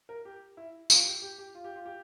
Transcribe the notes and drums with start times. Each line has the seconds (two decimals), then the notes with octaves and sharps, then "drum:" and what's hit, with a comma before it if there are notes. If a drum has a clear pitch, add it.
0.09 A#4
0.25 G4
0.57 E4
0.90 F4, drum: tambourine
1.06 G4
1.22 G4
1.38 G4
1.55 F4
1.64 G4
1.76 F4
1.86 G4